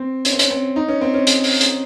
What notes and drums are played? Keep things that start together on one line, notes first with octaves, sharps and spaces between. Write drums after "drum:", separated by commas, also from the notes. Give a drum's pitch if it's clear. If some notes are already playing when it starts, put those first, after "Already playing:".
Already playing: C4
C#4, drum: hi-hat
C4
C#4, drum: hi-hat
C4
D#4
C#4
C4
C#4
drum: hi-hat
drum: open hi-hat
drum: hi-hat